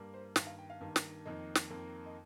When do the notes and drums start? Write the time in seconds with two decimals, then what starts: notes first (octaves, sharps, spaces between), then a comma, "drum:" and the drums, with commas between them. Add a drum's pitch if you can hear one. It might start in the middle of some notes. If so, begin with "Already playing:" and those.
Already playing: G2 G3 A#3
0.14 C5
0.36 G2 D#3 A#3 F5, drum: snare
0.47 F5
0.59 G5
0.70 F5
0.81 G2 D#3 A#3
0.96 drum: snare
1.25 F2 D#3 A#3 D#5
1.55 drum: snare
1.70 F2 D#3 A#3
2.06 D#5